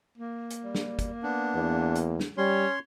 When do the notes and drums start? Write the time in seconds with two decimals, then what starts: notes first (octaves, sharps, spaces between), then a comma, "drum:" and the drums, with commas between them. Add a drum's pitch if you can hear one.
0.18 A#3
0.50 drum: hi-hat
0.64 G3
0.75 drum: snare
0.99 drum: kick, hi-hat
1.23 B3 D4
1.55 E2
1.95 drum: hi-hat
2.20 drum: snare
2.38 G3 C#4 C#5 C6